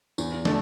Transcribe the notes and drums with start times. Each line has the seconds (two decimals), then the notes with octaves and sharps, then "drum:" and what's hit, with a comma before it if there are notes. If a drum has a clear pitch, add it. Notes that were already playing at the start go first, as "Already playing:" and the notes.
0.18 E2, drum: tambourine
0.45 D3 A3 A4, drum: snare